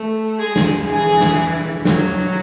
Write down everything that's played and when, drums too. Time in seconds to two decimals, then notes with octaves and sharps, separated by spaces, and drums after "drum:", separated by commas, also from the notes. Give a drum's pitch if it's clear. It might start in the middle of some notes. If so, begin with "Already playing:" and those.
Already playing: A3
0.39 G#3 G#4
0.56 drum: snare
0.88 E3 G#4
1.21 drum: snare
1.85 F#3, drum: snare